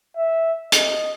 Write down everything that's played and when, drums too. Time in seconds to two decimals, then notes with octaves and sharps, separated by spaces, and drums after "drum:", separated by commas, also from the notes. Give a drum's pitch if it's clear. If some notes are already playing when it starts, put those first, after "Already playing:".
0.16 E5
0.72 D#5, drum: hi-hat